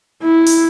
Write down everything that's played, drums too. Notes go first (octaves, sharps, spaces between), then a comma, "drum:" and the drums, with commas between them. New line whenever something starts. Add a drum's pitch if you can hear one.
E4
drum: open hi-hat